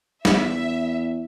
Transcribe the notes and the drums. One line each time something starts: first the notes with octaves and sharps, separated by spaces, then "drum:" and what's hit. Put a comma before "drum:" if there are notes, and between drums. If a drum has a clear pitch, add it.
E2 E5, drum: snare